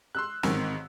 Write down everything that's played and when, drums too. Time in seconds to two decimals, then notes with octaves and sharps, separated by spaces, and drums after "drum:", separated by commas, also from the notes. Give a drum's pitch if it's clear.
0.15 C6 E6 F#6
0.43 A1 G#2 D#3 C4 E6, drum: snare